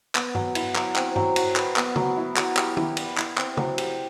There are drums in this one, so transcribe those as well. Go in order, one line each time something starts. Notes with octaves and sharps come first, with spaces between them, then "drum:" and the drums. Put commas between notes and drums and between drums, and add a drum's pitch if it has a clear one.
B3, drum: clap
F#3, drum: tom G2
E4, drum: cymbal
F#3, drum: clap
C4, drum: clap
F#3, drum: tom G2
F#4, drum: cymbal
B4, drum: clap
B3, drum: clap
F#3, drum: tom
E4
F#3, drum: clap
G4, drum: clap
E4, drum: tom
D5, drum: cymbal
E4, drum: clap
C4, drum: clap
F#3, drum: tom
G4, drum: cymbal